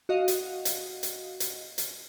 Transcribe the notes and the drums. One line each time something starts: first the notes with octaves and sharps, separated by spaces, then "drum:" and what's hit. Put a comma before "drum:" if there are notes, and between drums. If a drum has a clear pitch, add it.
F#4 D#5 F5
drum: hi-hat
drum: hi-hat
drum: hi-hat
drum: hi-hat
drum: hi-hat